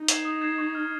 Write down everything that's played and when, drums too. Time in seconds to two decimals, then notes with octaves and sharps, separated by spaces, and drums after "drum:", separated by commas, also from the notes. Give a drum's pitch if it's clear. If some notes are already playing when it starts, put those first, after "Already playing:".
Already playing: D#4
0.08 G#6 C7 E7, drum: hi-hat
0.25 D#6
0.42 G#6 C7 E7
0.58 C#6
0.75 F6 G#6